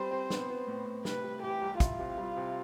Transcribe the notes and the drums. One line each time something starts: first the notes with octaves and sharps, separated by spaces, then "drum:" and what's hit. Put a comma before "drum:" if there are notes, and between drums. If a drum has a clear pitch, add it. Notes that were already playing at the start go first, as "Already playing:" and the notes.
Already playing: G3 B3 C4 C5
C4
B3, drum: snare
B3
A2
A2
C3 B4, drum: snare
G3
E3 G4
C2
E4 F4, drum: kick, hi-hat
C3
G3
C3